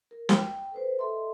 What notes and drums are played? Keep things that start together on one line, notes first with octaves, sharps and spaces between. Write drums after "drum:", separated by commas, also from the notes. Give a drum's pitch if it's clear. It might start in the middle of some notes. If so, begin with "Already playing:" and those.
A#4
G5, drum: snare
A4 B4 C5
A4 D#5 E5 A#5 C6